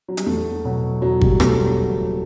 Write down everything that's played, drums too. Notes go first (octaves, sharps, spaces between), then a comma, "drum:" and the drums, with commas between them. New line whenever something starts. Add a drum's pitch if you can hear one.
F#3
G3, drum: hi-hat
E2 A3
B2 F#3
E2 F#3
G3, drum: kick
B2 F#3 A3, drum: rim click
G3
F#1